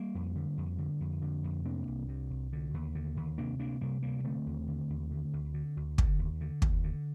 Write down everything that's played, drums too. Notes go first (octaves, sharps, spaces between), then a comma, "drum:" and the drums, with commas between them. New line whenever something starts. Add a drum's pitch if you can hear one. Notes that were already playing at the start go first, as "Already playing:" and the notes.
Already playing: G3 A#3
F2
D3
F2
D3
F2
D3
F2
C3 A#3 D4
C2
C3
C2
D3
D#2
D3
D#2
C3 A#3 D4
D2 A#3 D4
C3 G3 A#3
D2 G3 A#3
D3 A3 C4
D#2
D3
D#2
D3
D2
D3
D2
D3, drum: kick
D#2
D3
D#2, drum: kick
D3